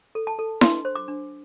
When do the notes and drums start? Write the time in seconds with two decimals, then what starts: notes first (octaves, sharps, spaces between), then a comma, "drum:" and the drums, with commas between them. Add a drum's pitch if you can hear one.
0.15 A4
0.27 A5
0.39 A4
0.61 D4 C6, drum: snare E4
0.85 C5
0.95 D6
1.08 D4